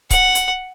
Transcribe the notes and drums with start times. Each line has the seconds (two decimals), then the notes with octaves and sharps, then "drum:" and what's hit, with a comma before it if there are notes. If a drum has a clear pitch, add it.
0.10 F#5, drum: kick C#1, hi-hat
0.35 drum: hi-hat